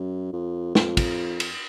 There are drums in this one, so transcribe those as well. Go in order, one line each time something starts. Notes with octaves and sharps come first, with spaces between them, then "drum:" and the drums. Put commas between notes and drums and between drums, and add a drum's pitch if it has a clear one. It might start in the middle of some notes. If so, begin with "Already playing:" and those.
Already playing: F#2
F2
F2, drum: snare
drum: kick, cymbal
drum: cymbal